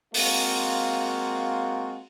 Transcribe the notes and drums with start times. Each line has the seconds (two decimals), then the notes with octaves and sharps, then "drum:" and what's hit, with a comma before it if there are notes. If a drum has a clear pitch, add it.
0.14 G#3 A#3 C4 F4 F#4, drum: open hi-hat